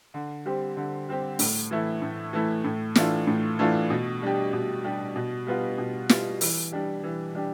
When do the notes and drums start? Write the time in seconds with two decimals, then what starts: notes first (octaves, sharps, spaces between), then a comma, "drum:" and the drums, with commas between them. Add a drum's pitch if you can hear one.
0.14 D3
0.45 G3 C4 G4
0.77 D3
1.09 G3 C4 G4
1.39 A2, drum: open hi-hat
1.71 E3 A3 E4
2.02 A2
2.33 E3 A3 E4
2.64 A2
2.95 E3 A3 D4 F4, drum: snare
3.27 A2
3.59 E3 A3 D4 F4
3.90 B2
4.22 G3 D4 G4
4.53 B2
4.84 G3 D4 G4
5.16 B2
5.47 G3 B3 F4
5.78 B2
6.09 G3 B3 F4, drum: snare
6.41 E3, drum: open hi-hat
6.72 G3 D4 G4
7.04 E3
7.35 G3 D4 G4